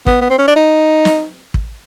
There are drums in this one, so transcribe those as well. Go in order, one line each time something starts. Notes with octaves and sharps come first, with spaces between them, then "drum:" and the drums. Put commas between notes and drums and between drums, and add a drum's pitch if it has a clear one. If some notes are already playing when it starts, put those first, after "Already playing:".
B3, drum: kick
B3
C4
C#4
D4
D#4
drum: snare
drum: kick